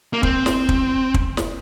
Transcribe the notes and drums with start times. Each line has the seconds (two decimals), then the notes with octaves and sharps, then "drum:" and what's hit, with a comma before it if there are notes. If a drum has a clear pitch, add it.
0.13 A#3
0.23 C4, drum: kick
0.46 drum: snare
0.69 drum: kick
1.14 drum: kick
1.37 drum: snare